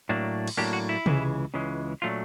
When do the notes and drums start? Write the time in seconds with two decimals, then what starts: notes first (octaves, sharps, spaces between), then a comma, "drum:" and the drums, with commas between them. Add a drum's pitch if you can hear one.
0.09 A2 F#3 A#3 D4
0.47 drum: cymbal
0.57 A2 F#3 A#3 D4 G4
0.73 F#4
0.89 E4
1.06 C#2 C#3 E3 G#3, drum: tom C3
1.54 C#2 C#3 E3 G#3
2.02 A#2 F#3 A3 D4 F4